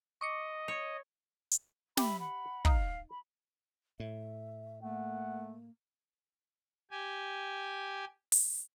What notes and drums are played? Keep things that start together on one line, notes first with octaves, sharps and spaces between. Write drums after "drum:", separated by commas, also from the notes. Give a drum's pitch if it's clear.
D#5 C#6 D6 C#7
C#5
drum: hi-hat
G4 E5 B5, drum: snare
F#5 B5
D#4 F5, drum: kick
B5
A2 E5
A3 A#3 F#5
G4 G#5
drum: open hi-hat